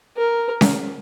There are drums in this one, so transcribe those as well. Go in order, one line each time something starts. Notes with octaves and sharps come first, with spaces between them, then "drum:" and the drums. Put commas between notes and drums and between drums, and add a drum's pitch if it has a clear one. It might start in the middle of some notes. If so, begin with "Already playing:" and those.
A#4
drum: snare C#4